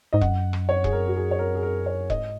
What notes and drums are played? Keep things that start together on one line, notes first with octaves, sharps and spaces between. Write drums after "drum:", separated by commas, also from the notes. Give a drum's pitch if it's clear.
G#2 D#5
F#2 F#5, drum: kick E1
drum: rim click
C#5
G#4, drum: kick E1
A#4
F#4
G#4
C#5
A#4
G#4
A#4
C#5
G#2 D#5, drum: kick E1